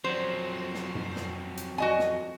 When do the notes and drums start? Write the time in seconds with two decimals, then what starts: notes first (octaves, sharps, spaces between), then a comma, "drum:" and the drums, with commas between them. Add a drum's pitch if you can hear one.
0.04 F2 F#3 C5
0.74 drum: snare
0.95 drum: tom
1.16 drum: snare
1.57 drum: hi-hat
1.78 F#4 D#5 G#5
1.99 drum: snare